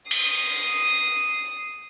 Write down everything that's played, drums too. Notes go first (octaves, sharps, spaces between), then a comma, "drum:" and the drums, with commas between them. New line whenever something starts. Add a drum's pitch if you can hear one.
D#6 C7, drum: cymbal